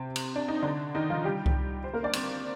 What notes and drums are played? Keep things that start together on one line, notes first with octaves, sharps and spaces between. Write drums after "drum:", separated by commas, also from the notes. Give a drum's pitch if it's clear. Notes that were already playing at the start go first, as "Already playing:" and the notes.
Already playing: C3 C4
drum: cymbal
D4
D#4
D3 D4
D#3 D#4
F3 F4
G3 G4
drum: kick C2
C5
A#3 A#4
D4 D5
C4 C5, drum: cymbal